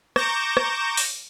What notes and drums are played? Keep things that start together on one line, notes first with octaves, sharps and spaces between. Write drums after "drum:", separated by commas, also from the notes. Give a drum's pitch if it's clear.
A#5 C#6 D6 G6 A#6 E7, drum: rim click
drum: rim click
drum: open hi-hat